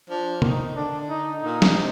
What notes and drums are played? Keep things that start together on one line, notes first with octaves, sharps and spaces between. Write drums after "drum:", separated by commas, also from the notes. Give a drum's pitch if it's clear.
F3 D4
D#3 D#4, drum: tom
D3 D4
D#4
A#2 D#4
drum: snare
C3